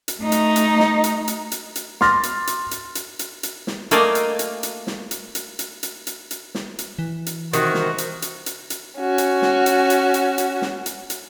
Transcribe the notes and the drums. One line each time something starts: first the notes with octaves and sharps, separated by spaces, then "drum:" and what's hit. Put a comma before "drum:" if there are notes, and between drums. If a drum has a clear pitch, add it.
drum: hi-hat
A3 D#4
drum: hi-hat
drum: hi-hat
drum: snare
drum: hi-hat
drum: hi-hat
drum: hi-hat
drum: hi-hat
C6 D6 F6 A6 A#6, drum: snare
drum: hi-hat
drum: hi-hat
drum: hi-hat
drum: hi-hat
drum: hi-hat
drum: hi-hat
drum: snare
A3 A#3 D5 D#5 F5 G#5, drum: hi-hat
drum: hi-hat
drum: hi-hat
drum: hi-hat
drum: snare
drum: hi-hat
drum: hi-hat
drum: hi-hat
drum: hi-hat
drum: hi-hat
drum: hi-hat
drum: snare
drum: hi-hat
E3
drum: hi-hat
C3 D#3 F#4, drum: hi-hat
drum: snare
drum: hi-hat
drum: hi-hat
drum: hi-hat
drum: hi-hat
C#4 F#4
drum: hi-hat
drum: snare
drum: hi-hat
drum: hi-hat
drum: hi-hat
drum: hi-hat
drum: snare
drum: hi-hat
drum: hi-hat